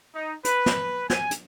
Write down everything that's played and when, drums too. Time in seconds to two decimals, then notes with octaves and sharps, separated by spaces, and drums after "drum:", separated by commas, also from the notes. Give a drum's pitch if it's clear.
0.14 D#4
0.44 B4, drum: hi-hat
0.66 drum: snare
1.10 G#5, drum: snare
1.31 drum: hi-hat